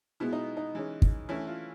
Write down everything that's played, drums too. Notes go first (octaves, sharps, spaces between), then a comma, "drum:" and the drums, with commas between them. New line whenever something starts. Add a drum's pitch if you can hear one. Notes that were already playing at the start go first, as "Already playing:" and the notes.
B2 G#3 B3 E4
D#4
D#4
E3 G#3 C#4
drum: kick
E3 A3 C#4 E4
F4